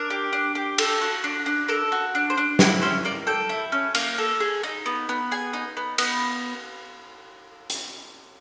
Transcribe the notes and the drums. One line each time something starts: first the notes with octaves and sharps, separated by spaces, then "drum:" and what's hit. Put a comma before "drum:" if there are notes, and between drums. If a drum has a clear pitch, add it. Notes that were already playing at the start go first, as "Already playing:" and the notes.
Already playing: D4 A#4
G4
D4
G4
A4, drum: cymbal
F#4
D4
D4
A4 A#4
F#4
D4
C5
D4
E4 C#5, drum: snare
C#4 C5
A#3 D5
A4 G5
E4
C#4
A#3, drum: cymbal
A4
G#4
D#4
B3
B3
G#4 G#5
D#4
B3
B3, drum: cymbal
drum: hi-hat